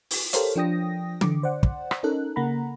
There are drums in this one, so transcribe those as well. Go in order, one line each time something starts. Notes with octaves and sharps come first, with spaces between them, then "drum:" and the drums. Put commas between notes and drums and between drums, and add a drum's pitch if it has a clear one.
drum: open hi-hat
G4 A4 A#4 C5 C#5 F5, drum: hi-hat
F3 D4 G5 D#6 A#6
D3 D6, drum: tom
C5 D5 F#5
drum: kick
drum: rim click
C#4 D#4 A4 A#4 F#6
C#3 A#3 F#5 A#5 B5